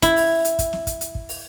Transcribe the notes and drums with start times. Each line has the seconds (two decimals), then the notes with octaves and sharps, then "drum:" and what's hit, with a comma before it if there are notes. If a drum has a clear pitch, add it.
0.02 E4, drum: kick, hi-hat
0.16 drum: open hi-hat
0.45 drum: hi-hat
0.59 drum: kick, hi-hat
0.73 drum: snare
0.87 drum: kick, hi-hat
1.01 drum: hi-hat
1.15 drum: kick
1.29 drum: open hi-hat